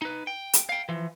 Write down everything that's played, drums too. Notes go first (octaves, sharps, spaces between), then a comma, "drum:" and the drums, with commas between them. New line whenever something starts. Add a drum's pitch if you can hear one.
D#4 B4
G5
drum: hi-hat
F5 G5
E3 F3